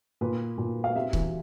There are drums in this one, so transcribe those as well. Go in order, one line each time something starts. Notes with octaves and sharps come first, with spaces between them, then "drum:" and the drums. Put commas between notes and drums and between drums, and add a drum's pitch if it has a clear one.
A#2 B4
A#2
F5
C3 E5
E3, drum: kick C#1